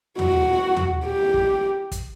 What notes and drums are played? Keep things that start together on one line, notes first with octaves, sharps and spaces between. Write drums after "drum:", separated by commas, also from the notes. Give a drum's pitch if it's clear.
F#4, drum: tom D#2
drum: tom D#2
G4
drum: kick
drum: kick, hi-hat